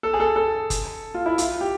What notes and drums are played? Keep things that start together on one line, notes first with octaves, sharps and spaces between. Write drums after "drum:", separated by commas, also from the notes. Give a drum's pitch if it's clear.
A4
G#4
A4
A4
drum: kick F#1, hi-hat
F4
E4
F4, drum: hi-hat
G4